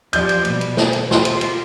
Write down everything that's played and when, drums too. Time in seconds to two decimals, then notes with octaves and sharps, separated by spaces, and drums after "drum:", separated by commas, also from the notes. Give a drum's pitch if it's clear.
0.13 F3 G4 D5 G6, drum: cymbal
0.29 drum: cymbal
0.45 B2 G3, drum: cymbal
0.61 drum: cymbal
0.77 drum: snare
0.93 drum: cymbal
1.11 F4 G4 C6, drum: snare
1.25 drum: cymbal
1.41 drum: cymbal